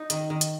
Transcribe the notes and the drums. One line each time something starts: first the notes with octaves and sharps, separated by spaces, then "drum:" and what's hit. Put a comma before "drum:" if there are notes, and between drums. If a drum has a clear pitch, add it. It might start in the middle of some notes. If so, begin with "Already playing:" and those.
Already playing: D#4
D#3, drum: hi-hat
D#3
drum: hi-hat